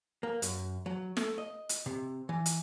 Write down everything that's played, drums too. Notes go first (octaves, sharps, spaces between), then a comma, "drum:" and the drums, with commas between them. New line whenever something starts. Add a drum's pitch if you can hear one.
A#3
F#2, drum: hi-hat
F#3
A3, drum: snare
D#5
drum: hi-hat
C3
E3
drum: hi-hat